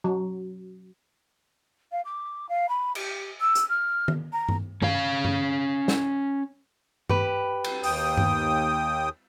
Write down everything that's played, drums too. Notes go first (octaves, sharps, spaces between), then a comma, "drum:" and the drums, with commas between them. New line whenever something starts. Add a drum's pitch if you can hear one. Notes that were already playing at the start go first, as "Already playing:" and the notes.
F#3
F5
D6
F5
B5
G4, drum: cymbal
E6
drum: hi-hat
F6
drum: tom D#3
A#5
drum: tom G2
C#4 F5, drum: tom G2
drum: tom G2
drum: snare
G4 B4, drum: tom G2
drum: cymbal
D#2 G5 D#6, drum: open hi-hat
drum: tom G2